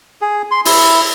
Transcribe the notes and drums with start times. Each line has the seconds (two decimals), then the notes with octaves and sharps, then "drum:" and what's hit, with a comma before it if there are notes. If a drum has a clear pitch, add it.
0.22 G#4
0.51 C6
0.65 E4, drum: open hi-hat